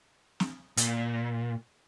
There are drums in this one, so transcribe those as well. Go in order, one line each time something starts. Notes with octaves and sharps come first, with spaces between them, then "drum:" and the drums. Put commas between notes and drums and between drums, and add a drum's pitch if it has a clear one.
drum: snare
A#2, drum: hi-hat